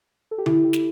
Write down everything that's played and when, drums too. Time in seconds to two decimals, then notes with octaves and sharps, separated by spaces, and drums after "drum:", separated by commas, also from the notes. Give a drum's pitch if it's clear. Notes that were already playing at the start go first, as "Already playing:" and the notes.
0.31 A4
0.38 G4
0.46 E4, drum: tom D3
0.64 G4
0.73 drum: snare